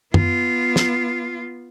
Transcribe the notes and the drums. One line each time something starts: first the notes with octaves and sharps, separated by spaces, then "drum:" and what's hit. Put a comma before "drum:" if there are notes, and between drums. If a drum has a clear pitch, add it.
B3 F4, drum: tom
drum: snare